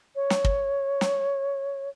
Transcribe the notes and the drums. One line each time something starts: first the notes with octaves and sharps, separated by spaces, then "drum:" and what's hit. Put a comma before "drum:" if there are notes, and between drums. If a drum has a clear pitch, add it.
C#5
drum: snare
drum: kick
drum: snare